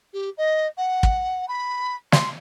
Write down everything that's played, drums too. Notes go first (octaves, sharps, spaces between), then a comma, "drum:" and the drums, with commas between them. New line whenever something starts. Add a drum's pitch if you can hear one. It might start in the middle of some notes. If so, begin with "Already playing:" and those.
G4
D#5
F#5
drum: kick
B5
C6, drum: snare